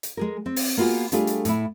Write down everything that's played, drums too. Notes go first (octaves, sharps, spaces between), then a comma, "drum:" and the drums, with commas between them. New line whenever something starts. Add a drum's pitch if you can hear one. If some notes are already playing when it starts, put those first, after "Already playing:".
drum: hi-hat
G#3 G#4 A#4
C4
drum: open hi-hat
A#3 B3 F4 F#4 G#4
G3 A3 D4 F4 G4 G#4, drum: hi-hat
drum: hi-hat
A2 E4, drum: hi-hat